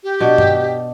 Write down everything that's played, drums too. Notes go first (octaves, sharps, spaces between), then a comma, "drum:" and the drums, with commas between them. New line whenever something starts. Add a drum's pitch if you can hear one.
G4
B2 D4
drum: tom G2